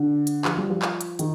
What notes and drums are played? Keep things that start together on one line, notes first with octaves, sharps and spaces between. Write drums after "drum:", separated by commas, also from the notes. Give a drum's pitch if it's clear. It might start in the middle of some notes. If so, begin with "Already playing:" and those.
Already playing: D3
drum: hi-hat
F3, drum: clap
G3
F3
drum: clap
drum: hi-hat
D#3, drum: hi-hat